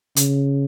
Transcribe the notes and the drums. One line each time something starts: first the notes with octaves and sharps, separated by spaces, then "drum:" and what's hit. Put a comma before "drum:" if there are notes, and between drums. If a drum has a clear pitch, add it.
C#3, drum: hi-hat